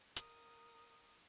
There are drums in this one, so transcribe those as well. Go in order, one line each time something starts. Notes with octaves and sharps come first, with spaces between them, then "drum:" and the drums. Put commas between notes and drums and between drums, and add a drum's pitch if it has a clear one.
A#4 D#6, drum: hi-hat